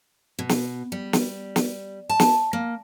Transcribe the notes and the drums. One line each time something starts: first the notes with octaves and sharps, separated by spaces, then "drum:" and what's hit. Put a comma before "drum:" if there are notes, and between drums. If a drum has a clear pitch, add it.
B2
drum: snare
G3
drum: snare
drum: snare
A5
drum: snare
A#3